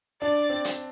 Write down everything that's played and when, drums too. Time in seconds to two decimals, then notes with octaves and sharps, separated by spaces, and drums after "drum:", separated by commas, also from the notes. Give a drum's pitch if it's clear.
0.22 D4 D5
0.50 C4
0.65 drum: hi-hat